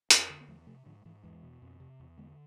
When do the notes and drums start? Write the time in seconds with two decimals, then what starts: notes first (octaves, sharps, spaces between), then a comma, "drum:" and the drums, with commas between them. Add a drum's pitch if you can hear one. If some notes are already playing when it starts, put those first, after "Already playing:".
0.10 F2, drum: hi-hat
0.30 D3
0.41 B3
0.48 E2 F3 A3
0.67 C3 F3 A3
0.86 G#2 D3 F3
1.05 G#2 E3
1.23 E2 E3 G#3
1.43 B2
1.62 F2
1.80 C3
2.00 E2
2.17 D3 G#3 B3